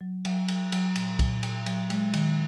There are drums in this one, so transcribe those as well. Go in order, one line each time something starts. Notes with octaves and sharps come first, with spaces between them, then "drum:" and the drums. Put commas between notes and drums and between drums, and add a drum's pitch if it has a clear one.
F#3
F#3, drum: cymbal
F#3, drum: cymbal
F#3, drum: cymbal
A#2, drum: cymbal
A#2, drum: kick, cymbal
A#2, drum: cymbal
F#3, drum: cymbal
G#3, drum: cymbal
D#3, drum: cymbal